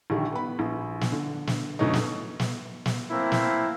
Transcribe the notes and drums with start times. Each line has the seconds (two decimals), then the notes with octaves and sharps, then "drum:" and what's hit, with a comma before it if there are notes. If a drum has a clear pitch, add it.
0.10 A#1 D3 D#3 G3
0.32 B3 B5
0.59 A#1
1.01 drum: snare
1.12 D3
1.47 drum: snare
1.79 F#2 B2 D3 A3 C#4 D#4
1.93 drum: snare
2.40 drum: snare
2.86 drum: snare
3.11 A3 A#3 C4 E4
3.32 drum: snare